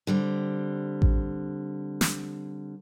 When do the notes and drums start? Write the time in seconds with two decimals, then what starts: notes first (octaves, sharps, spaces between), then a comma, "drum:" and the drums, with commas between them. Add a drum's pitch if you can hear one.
0.07 D3 G3 C4
1.02 drum: kick A1
2.01 drum: snare